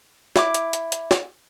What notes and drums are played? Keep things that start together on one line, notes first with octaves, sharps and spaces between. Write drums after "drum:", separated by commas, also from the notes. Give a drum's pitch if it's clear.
E4 D6, drum: snare
drum: hi-hat
drum: hi-hat
drum: hi-hat
drum: snare